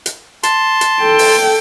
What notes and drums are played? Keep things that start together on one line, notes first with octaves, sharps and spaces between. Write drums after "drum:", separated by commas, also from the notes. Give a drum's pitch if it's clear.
drum: hi-hat
A5 C6, drum: hi-hat
drum: hi-hat
A4 G5
drum: open hi-hat